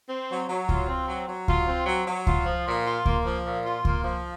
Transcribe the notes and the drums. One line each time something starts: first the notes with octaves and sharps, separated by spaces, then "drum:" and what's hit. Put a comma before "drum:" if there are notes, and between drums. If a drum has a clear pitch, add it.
C4
F#3
F#3
F4, drum: kick C#2
C4
F#3
F#3
F4, drum: kick C#2
C4
F#3
F#3
F4, drum: kick C#2
F3
A#2
F4
A#3, drum: kick C#2
F3
A#2
F4
A#3, drum: kick C#2
F3